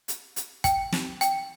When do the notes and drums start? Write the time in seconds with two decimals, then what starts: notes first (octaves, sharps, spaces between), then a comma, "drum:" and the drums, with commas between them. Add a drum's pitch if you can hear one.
0.08 drum: hi-hat
0.36 drum: hi-hat
0.64 G5, drum: kick, hi-hat
0.92 drum: snare
1.21 G5, drum: hi-hat